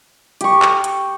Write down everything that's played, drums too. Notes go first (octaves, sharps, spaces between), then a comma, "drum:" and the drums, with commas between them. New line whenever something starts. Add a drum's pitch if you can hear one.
G4 C#6, drum: hi-hat
drum: clap
drum: hi-hat